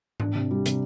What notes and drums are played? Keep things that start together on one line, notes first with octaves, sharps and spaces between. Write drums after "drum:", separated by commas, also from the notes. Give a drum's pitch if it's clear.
D4, drum: tom G#2
C3
G3
C3, drum: hi-hat